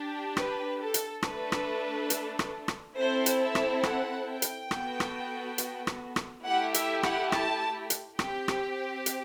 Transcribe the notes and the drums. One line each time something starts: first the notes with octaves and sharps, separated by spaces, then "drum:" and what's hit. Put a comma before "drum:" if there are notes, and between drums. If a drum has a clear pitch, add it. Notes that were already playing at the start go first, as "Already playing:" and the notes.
Already playing: D4 G4
B4, drum: rim click
A4
drum: hi-hat
A3 D4 A4 B4, drum: rim click
drum: rim click
drum: hi-hat
drum: rim click
drum: rim click
C4 E4 A4 C5
drum: hi-hat
E5
drum: rim click
F#5, drum: rim click
G5
drum: hi-hat
B3 F#4 A4, drum: rim click
drum: rim click
drum: hi-hat
drum: rim click
drum: rim click
A3 E4 G4 F#5
E5, drum: hi-hat
F#5, drum: rim click
A5, drum: rim click
drum: hi-hat
C4 G4 G5, drum: rim click
drum: rim click
drum: hi-hat